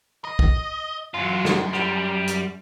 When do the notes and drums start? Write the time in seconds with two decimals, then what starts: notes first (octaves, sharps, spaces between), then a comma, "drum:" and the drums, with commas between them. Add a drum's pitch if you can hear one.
0.25 D#5
0.39 drum: kick B1
1.14 F#2 F#3 F4
1.45 drum: snare
1.73 G3, drum: rim click
2.28 drum: hi-hat